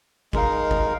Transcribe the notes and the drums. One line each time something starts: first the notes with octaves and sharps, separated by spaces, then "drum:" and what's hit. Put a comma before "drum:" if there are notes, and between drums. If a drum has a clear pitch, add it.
G#3 D#4 A#4 F5, drum: kick G1
drum: kick G1